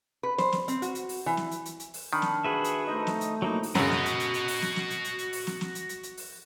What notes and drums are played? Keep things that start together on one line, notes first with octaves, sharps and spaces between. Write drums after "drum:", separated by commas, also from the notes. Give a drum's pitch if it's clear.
B4
C5, drum: snare
drum: snare
C4, drum: hi-hat
F#4, drum: hi-hat
drum: hi-hat
drum: open hi-hat
E3
drum: snare
drum: hi-hat
drum: hi-hat
drum: hi-hat
drum: open hi-hat
D#3 D4 B5
drum: snare
F#4 G#4 B4 E5
drum: hi-hat
A3 D#4 C5 D#5
drum: snare
drum: hi-hat
F#3 A#3 D#4 E4 C5 A#5
drum: open hi-hat
F#2 C#3 F#4 D#5, drum: snare
drum: snare
drum: hi-hat
drum: hi-hat
drum: hi-hat
drum: open hi-hat
drum: snare
drum: snare
drum: hi-hat
drum: hi-hat
drum: hi-hat
drum: open hi-hat
drum: snare
drum: snare
drum: hi-hat
drum: hi-hat
drum: hi-hat
drum: open hi-hat